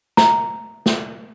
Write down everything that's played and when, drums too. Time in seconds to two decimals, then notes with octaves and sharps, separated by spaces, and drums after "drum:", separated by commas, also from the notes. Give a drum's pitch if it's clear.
0.17 A#5, drum: snare
0.86 drum: snare